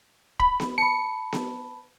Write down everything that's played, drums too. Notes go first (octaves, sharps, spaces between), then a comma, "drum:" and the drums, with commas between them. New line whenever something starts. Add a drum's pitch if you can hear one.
B5, drum: kick
drum: snare B3
A5 B5 C#7
drum: snare B3